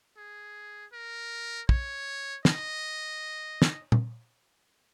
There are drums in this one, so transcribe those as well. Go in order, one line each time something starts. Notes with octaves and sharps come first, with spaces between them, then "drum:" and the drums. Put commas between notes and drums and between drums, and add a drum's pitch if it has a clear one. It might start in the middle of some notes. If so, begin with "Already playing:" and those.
G#4
A#4
C#5, drum: kick
D#5, drum: snare
drum: snare
drum: tom A#2